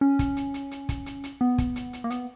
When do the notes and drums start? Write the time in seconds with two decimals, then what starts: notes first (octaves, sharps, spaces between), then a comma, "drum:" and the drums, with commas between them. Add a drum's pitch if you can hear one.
0.01 C#4
0.19 drum: kick, hi-hat
0.37 drum: hi-hat
0.54 drum: hi-hat
0.71 drum: hi-hat
0.89 drum: kick, hi-hat
1.06 drum: hi-hat
1.24 drum: hi-hat
1.41 B3
1.58 drum: kick, hi-hat
1.76 drum: hi-hat
1.93 drum: hi-hat
2.04 A#3
2.10 B3, drum: hi-hat